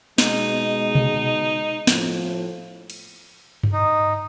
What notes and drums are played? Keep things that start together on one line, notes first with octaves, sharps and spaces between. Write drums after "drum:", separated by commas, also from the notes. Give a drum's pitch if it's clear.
B2 G#3 D#4, drum: snare
drum: tom B2
A2 F3, drum: snare
drum: cymbal
drum: tom G2
D#4